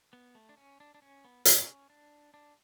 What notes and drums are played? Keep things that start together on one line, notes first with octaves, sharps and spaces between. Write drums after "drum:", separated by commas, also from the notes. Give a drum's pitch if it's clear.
B3
A3
D4
C#4
D4
D4
C#4
B3
C#4, drum: hi-hat
D4
D4